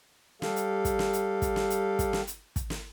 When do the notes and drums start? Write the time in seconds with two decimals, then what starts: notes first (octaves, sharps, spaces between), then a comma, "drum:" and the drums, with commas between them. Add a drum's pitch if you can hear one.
0.42 G3 G4 A4 F5, drum: snare
0.56 drum: hi-hat
0.85 drum: kick, hi-hat
0.99 drum: snare
1.13 drum: hi-hat
1.42 drum: kick, hi-hat
1.56 drum: snare
1.70 drum: hi-hat
1.99 drum: kick, hi-hat
2.13 drum: snare
2.27 drum: hi-hat
2.56 drum: kick, hi-hat
2.70 drum: snare